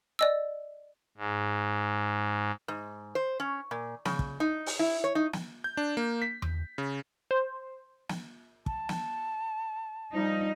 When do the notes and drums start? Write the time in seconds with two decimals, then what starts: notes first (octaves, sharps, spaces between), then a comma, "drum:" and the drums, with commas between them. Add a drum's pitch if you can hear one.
0.19 D5 D#5 E6
1.17 G#2
2.68 G#2
3.15 C5
3.40 C#4
3.71 A#2
4.05 C#3, drum: snare
4.19 drum: kick
4.40 D#4
4.66 drum: open hi-hat
4.79 E4
5.04 C#5
5.15 D#4
5.33 drum: snare
5.64 G6
5.77 D4
5.97 A#3
6.22 B6
6.42 drum: tom E2
6.78 C#3
7.31 C5
8.09 drum: snare
8.66 A5, drum: kick
8.89 drum: snare
10.14 F3 G3 D#4